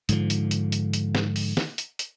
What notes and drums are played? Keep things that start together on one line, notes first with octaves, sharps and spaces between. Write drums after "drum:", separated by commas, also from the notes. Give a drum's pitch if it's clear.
G#2 D3 F3, drum: hi-hat
drum: hi-hat
drum: hi-hat
drum: hi-hat
drum: hi-hat
drum: snare
drum: open hi-hat
drum: snare
drum: hi-hat
drum: hi-hat